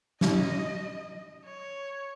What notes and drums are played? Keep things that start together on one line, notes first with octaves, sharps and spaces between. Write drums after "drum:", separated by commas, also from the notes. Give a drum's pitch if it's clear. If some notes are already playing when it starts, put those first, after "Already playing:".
D#5, drum: snare
C#5